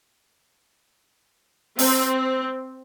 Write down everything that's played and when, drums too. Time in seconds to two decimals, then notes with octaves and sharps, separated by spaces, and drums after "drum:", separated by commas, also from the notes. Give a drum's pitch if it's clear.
1.79 C4, drum: open hi-hat